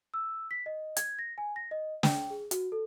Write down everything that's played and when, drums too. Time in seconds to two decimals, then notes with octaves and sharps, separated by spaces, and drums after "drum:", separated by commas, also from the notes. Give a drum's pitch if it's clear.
0.14 E6
0.51 B6
0.66 D#5
0.97 G#6, drum: hi-hat
1.19 A#6
1.38 G#5
1.56 A#6
1.71 D#5
2.03 G5, drum: snare
2.30 G#4
2.51 F#4, drum: hi-hat
2.72 A4